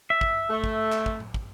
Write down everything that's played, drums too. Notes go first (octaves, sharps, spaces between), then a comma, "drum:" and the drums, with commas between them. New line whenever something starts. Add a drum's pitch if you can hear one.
E5
drum: kick
A3
drum: kick
drum: clap
drum: kick
drum: tom A2
drum: kick